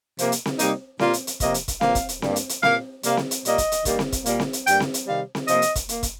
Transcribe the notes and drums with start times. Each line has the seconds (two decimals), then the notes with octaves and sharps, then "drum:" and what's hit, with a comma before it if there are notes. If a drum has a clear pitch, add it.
0.19 C3 F3 A#3, drum: hi-hat
0.32 drum: hi-hat
0.46 drum: snare C4
0.59 C3 G3 A#3 D#4, drum: hi-hat
0.99 A#2 G3 A#3 F4, drum: snare C4
1.13 drum: hi-hat
1.27 drum: hi-hat
1.40 C3 F3 A#3 D#5, drum: kick, hi-hat
1.54 drum: hi-hat
1.68 drum: kick, hi-hat
1.81 A#2 F3 A#3 F5, drum: snare C4
1.95 drum: kick, hi-hat
2.09 drum: hi-hat
2.22 G2 G3 A#3, drum: snare C4
2.36 drum: hi-hat
2.49 drum: hi-hat
2.63 A#2 A#3 F5, drum: snare C4
3.03 C3 G3 A#3 F5, drum: hi-hat
3.17 drum: snare C4
3.31 drum: hi-hat
3.45 A#2 G3 A#3 D#5, drum: hi-hat
3.58 drum: kick, hi-hat
3.72 drum: hi-hat
3.85 G2 D#3 G3 A#3, drum: kick, hi-hat
3.99 drum: snare C4
4.12 drum: kick, hi-hat
4.26 A#2 G3 A#3, drum: hi-hat
4.40 drum: snare C4
4.53 drum: hi-hat
4.67 G2 G3 A#3 G5, drum: hi-hat
4.80 drum: snare C4
4.94 drum: hi-hat
5.08 C3 D#3 G3 F5
5.35 drum: snare C4
5.48 C3 F3 A#3 D#5, drum: hi-hat
5.62 drum: hi-hat
5.75 drum: kick, hi-hat
5.89 A#3, drum: hi-hat
6.03 drum: kick, hi-hat